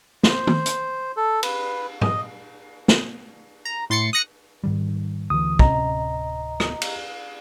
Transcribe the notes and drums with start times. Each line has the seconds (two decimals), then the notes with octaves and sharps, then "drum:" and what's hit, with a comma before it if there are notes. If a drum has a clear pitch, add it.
0.23 C5, drum: snare
0.47 drum: tom
0.66 drum: hi-hat
1.17 A4
1.43 B4, drum: cymbal
2.01 D#5, drum: tom
2.88 drum: snare
3.65 A#5
3.90 A2 C6 A6 C7 C#7
4.13 D#6 F#6 A#6 C#7
4.63 G#2 D#3 G3
5.30 D2 E3 D#6
5.59 D1 C3 C#4 D#5 A#5, drum: kick
6.60 drum: rim click
6.82 drum: cymbal